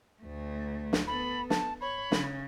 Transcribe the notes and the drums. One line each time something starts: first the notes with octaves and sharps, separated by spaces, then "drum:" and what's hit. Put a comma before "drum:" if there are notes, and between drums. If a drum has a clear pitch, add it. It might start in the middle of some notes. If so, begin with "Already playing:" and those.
D2 A3
drum: snare
B3 A4 B5
A5, drum: snare
C#5 B5
C#3, drum: snare